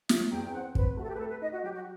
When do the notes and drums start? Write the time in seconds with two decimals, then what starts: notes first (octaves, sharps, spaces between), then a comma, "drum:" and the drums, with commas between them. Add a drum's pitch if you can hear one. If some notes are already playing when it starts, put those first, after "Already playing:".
0.09 F#3 E5, drum: snare
0.31 E2 G5
0.46 G5
0.53 C4 F#5
0.75 C4 B4, drum: kick
0.97 A3 F#4
1.03 A4
1.08 G4
1.14 B4
1.19 A3 A4
1.30 B4
1.41 D#4 D#5
1.52 F#4
1.62 F#3 G4
1.74 F#4